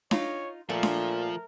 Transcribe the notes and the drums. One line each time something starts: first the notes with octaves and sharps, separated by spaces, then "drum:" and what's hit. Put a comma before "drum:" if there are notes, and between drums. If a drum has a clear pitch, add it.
D#4 F4 C#5, drum: snare D4
A#2 F3 A3 A#4
drum: snare D4